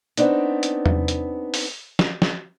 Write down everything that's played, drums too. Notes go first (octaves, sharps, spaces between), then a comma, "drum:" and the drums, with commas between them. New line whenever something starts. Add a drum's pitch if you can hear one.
B3 C4 D4 D#4, drum: hi-hat
drum: hi-hat
drum: tom E2
drum: hi-hat
drum: open hi-hat
drum: snare
drum: snare